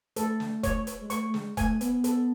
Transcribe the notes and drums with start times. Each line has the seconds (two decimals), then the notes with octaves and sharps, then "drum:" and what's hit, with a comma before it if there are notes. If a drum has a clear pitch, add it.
0.16 A3 A4, drum: hi-hat
0.40 drum: snare
0.63 C#5, drum: kick E1, hi-hat
0.87 drum: hi-hat
1.01 G#3
1.10 A3 C#6, drum: hi-hat
1.26 A3
1.34 G#3, drum: snare
1.57 A3 G#5, drum: kick E1, hi-hat
1.81 B3, drum: hi-hat
2.04 A4, drum: hi-hat